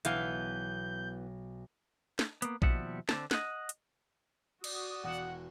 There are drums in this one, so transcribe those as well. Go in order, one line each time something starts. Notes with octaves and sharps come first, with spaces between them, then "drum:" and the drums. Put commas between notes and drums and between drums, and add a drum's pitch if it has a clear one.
B1 E3 B3 F5 G6, drum: hi-hat
drum: snare
A#3 B3, drum: hi-hat
D#2 B2 F3 G3 E5 F#5, drum: kick A#1
D3 C4 A5, drum: snare
D#5 F#5, drum: snare
drum: hi-hat
F#4 D5 D#6, drum: cymbal
E1 F#5 E7